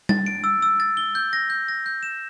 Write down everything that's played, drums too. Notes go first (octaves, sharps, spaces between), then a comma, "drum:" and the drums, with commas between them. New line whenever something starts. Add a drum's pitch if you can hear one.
A6, drum: tom G3
D7
E6
E6
A6
G7
G6
A#6
G6
A#6
G6
E7